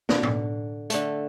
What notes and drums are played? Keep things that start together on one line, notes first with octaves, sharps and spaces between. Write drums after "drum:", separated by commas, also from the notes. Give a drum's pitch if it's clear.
D3, drum: snare
drum: tom A2
D3 A3, drum: hi-hat